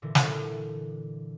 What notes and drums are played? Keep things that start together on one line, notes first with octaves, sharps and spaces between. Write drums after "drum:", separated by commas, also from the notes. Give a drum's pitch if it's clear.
A#2 D3 E3
drum: snare